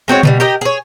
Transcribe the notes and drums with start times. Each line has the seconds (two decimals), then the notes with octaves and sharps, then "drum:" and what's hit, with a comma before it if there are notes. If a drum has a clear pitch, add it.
0.08 G#3 C4 F#4 C#5
0.23 B2 F3 G3, drum: tom C#3
0.40 G4 A#4 D#5
0.61 G#4 C#5